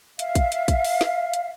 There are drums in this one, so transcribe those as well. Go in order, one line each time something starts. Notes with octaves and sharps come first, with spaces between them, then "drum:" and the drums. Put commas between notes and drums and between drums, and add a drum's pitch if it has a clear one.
E5 F5, drum: hi-hat
drum: kick, hi-hat
drum: hi-hat
drum: kick, hi-hat
drum: open hi-hat
drum: snare
drum: hi-hat